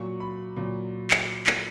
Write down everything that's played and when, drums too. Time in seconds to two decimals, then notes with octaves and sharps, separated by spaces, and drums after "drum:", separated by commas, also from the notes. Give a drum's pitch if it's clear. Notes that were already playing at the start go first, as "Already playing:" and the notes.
Already playing: A#2 F#3 C#6
0.20 B5
0.56 A#2 F#3
1.11 drum: clap
1.47 drum: clap